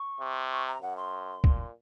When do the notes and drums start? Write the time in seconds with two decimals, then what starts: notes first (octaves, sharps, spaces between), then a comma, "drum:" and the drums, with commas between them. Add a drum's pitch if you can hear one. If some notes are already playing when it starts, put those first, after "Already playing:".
Already playing: C#6
0.20 C3
0.51 C#6
0.66 A#5
0.82 F#2 F#5
0.97 C6
1.44 A#2, drum: kick